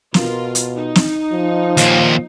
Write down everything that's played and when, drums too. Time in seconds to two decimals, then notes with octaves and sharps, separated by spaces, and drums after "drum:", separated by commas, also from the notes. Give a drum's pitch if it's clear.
0.14 B2 F4 A#4, drum: snare
0.55 drum: hi-hat
0.76 D#4
0.95 drum: snare
1.32 F3
1.77 D#2 A#2, drum: hi-hat